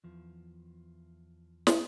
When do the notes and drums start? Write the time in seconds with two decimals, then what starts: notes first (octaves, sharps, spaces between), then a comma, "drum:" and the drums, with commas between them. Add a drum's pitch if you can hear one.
0.04 E2 F3
1.67 drum: snare